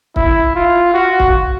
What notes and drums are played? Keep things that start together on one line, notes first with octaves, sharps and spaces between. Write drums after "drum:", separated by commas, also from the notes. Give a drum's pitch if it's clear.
E4, drum: kick C#1
F4
F#4
drum: kick C#1